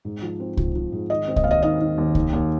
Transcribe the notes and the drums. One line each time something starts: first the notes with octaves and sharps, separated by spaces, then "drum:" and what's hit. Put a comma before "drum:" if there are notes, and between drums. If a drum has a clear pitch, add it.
G#2
F3
C4
F3, drum: kick C2
F3
G#2
D#3 D#5
C4
D#5, drum: kick C2
D#2 F5
D#5
D#3 D#5
D#3
D#2
D#3, drum: kick C2
D#2